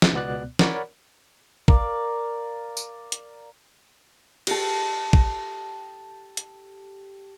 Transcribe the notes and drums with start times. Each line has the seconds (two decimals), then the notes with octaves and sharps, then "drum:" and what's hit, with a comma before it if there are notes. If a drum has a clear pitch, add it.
0.02 drum: snare
0.13 C#2 B2 B3 D5 F#6
0.59 A#4 C#5 D5 F#5 B5, drum: snare
1.68 A#4 D5 F5, drum: kick
2.77 drum: tambourine
3.12 drum: hi-hat
4.47 G4 A4, drum: cymbal
5.13 drum: kick
6.37 drum: hi-hat